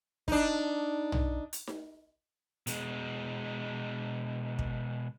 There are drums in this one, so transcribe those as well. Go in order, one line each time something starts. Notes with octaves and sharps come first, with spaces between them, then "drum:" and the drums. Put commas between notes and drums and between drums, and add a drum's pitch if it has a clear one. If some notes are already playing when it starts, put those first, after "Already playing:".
D4 D#4, drum: kick
drum: tom
drum: hi-hat
drum: snare D#4
B2 G#3, drum: hi-hat
drum: kick